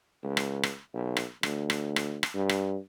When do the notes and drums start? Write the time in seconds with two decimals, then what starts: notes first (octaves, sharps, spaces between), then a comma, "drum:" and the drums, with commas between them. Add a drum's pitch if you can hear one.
0.24 C#2
0.37 drum: rim click
0.63 drum: rim click
0.94 B1
1.17 drum: rim click
1.43 D2, drum: rim click
1.70 drum: rim click
1.96 drum: rim click
2.23 drum: rim click
2.35 G2
2.49 drum: rim click